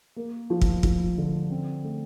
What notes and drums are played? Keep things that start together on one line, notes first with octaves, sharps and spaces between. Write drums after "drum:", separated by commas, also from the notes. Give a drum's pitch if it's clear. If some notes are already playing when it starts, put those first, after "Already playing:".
A#3
F3
drum: kick
F3, drum: kick
D3
C4
A3